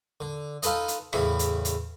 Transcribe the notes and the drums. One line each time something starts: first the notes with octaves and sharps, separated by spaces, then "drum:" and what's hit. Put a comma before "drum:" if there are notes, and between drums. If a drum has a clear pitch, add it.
D3
D#4 F4 A4 B4 D#5, drum: hi-hat
drum: hi-hat
E2 A2 C#3 E4, drum: rim click
drum: hi-hat
drum: hi-hat